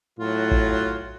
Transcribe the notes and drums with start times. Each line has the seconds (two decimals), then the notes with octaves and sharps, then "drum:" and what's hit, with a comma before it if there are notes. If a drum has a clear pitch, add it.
0.19 A2 F#3 F4 F#4
0.51 drum: kick A1